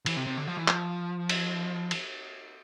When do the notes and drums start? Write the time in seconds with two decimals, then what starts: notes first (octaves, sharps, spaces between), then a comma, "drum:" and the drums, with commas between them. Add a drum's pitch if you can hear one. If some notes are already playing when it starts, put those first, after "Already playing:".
0.06 E3, drum: cymbal
0.17 C3
0.27 C3
0.37 D3
0.47 F3
0.58 E3
0.68 F3, drum: clap
1.29 drum: cymbal
1.91 drum: cymbal